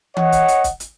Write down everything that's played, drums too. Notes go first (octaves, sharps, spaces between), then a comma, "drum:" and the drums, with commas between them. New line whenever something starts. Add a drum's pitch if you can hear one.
C#5 D#5 F#5, drum: tom E3
drum: kick, hi-hat
drum: hi-hat
drum: kick, hi-hat
drum: hi-hat